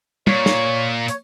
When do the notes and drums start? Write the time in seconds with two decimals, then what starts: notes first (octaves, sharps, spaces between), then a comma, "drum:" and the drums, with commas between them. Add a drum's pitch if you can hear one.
0.27 A#2 C#5, drum: tom
0.46 drum: snare
1.08 C#5, drum: hi-hat